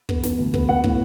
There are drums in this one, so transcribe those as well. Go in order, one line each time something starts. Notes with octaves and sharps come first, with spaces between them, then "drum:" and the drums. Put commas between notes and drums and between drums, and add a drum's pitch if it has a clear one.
B3, drum: kick
B3, drum: snare
D2
B3, drum: kick
B3 F#5
A2, drum: kick